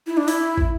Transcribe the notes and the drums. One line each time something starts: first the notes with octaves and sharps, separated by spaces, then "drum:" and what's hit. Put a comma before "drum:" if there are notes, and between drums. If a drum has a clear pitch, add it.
E4
D4
E4, drum: open hi-hat
drum: kick